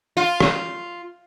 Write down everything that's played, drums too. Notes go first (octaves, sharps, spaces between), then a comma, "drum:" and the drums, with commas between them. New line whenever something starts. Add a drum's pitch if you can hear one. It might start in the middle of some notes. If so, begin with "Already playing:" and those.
F4
drum: rim click